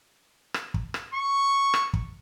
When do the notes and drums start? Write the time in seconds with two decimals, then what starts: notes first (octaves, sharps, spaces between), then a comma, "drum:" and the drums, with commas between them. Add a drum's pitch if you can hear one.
0.54 drum: rim click
0.74 drum: kick
0.94 drum: rim click
1.14 C#6
1.74 drum: rim click
1.93 drum: kick